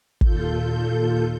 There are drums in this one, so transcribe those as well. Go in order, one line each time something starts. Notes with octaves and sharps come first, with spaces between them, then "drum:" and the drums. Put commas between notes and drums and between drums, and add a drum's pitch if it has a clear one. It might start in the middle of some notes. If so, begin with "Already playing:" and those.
D#2 A#2 F4 A4 G6, drum: kick